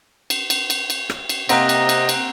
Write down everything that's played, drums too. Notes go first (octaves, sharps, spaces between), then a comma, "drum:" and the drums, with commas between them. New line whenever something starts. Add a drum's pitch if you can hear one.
drum: cymbal
drum: cymbal
drum: cymbal
drum: cymbal
drum: rim click
drum: cymbal
C3 A#3 C4 D#5 F#5 A#5 F#6, drum: cymbal
drum: cymbal
drum: cymbal
drum: cymbal